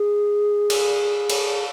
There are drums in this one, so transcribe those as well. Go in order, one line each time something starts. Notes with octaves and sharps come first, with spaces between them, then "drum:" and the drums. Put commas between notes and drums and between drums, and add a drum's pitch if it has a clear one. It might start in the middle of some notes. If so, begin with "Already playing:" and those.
Already playing: G#4
drum: cymbal
drum: cymbal